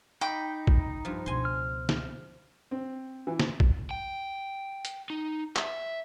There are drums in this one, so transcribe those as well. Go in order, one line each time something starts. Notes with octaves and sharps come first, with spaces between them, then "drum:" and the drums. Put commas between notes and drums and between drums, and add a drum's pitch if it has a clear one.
D#4 G5 B5 D6
drum: kick
G2 F3
C#2 B2 G#5 C6
F6
drum: snare
C4
E3
drum: snare
drum: kick
G5
drum: hi-hat
D#4
E5, drum: clap